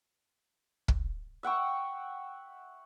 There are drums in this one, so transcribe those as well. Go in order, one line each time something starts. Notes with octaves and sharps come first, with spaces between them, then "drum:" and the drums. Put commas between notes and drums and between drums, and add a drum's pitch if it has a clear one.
drum: kick
E5 F#5 G5 C#6